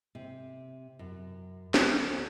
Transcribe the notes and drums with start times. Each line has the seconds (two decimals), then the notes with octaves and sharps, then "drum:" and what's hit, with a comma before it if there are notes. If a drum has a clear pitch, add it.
0.15 C3
0.99 F#2
1.74 D2, drum: snare